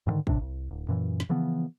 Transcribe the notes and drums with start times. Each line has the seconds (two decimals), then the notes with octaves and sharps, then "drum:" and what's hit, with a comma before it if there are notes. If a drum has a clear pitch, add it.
0.07 G#2 B2 D3 D#3
0.27 D1 A2 C3 D4, drum: kick
0.41 C2
0.71 D1
0.89 F#2 A#2 E3
1.20 drum: snare
1.29 C#3 E3 F3 B3